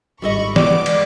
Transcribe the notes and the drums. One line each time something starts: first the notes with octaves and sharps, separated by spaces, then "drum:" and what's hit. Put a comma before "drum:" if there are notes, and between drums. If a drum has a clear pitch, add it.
G#1 G3 A4 D#5 B5 C#6
G#3 B3 D5 D6, drum: snare
drum: cymbal